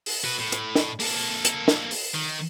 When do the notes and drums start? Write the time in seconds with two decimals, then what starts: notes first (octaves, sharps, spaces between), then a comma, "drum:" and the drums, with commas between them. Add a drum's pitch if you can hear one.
0.06 drum: open hi-hat
0.24 F#4 B4
0.39 A2
0.52 drum: hi-hat
0.75 drum: snare
1.00 A#3 A4, drum: open hi-hat
1.45 drum: hi-hat
1.68 drum: snare
1.91 drum: open hi-hat
2.14 D#3